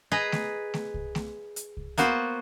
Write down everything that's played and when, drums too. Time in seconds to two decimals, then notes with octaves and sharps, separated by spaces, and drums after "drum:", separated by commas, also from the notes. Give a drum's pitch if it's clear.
0.12 G#4 B4 D#5 A#5
0.32 drum: snare A3
0.74 drum: snare A3
0.94 drum: kick C2
1.15 drum: snare A3
1.56 drum: hi-hat
1.77 drum: kick C2
1.98 A#3 B3 F#4 C5, drum: hi-hat